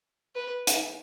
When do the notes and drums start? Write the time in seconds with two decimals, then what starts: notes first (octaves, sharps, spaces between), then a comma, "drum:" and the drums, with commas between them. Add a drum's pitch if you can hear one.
0.36 B4
0.67 drum: hi-hat